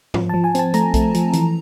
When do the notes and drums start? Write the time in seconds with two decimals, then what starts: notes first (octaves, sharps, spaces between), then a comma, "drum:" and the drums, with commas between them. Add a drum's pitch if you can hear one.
0.14 F3, drum: tom G#2
0.29 F3 A5
0.44 G#5
0.55 C4 A5, drum: hi-hat
0.74 A3 A#5, drum: hi-hat
0.94 A3, drum: kick B1, hi-hat
1.14 F3, drum: hi-hat
1.33 E3, drum: hi-hat